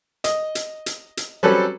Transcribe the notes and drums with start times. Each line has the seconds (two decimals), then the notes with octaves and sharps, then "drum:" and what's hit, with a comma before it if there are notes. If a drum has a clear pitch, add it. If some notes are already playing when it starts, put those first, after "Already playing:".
0.24 D#5, drum: hi-hat
0.55 drum: hi-hat
0.86 drum: hi-hat
1.17 drum: hi-hat
1.43 F#3 G3 C4 C#4 A4 B4